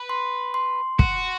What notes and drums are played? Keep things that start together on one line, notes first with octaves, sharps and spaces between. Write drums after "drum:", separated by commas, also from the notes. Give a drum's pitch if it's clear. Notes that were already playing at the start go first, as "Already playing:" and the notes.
Already playing: B4
C6
C6
F#4, drum: kick